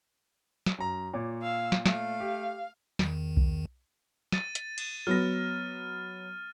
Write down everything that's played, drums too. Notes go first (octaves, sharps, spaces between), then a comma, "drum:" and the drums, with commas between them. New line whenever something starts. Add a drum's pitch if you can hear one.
drum: snare
F#2 A#5
A#2 C#5 D6
F5 E6
drum: snare
A3 F5, drum: snare
G4
E2 D#3, drum: snare
drum: kick B1
A6 D#7, drum: snare
drum: hi-hat
drum: cymbal
F#3 B3 F6 A#6